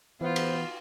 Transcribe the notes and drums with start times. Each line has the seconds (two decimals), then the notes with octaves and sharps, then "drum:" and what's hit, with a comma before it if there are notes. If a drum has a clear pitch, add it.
0.21 E3 B3 F4 C5
0.36 drum: cymbal